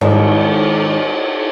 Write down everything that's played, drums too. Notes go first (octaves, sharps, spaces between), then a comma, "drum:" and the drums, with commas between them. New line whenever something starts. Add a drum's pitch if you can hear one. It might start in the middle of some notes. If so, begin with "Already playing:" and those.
G#2 D#3 D#4, drum: cymbal